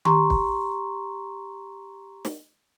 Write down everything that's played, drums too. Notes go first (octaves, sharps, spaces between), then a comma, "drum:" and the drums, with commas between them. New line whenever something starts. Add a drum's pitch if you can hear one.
G4 A#5 C6 C#6, drum: tom D#3
drum: kick
drum: snare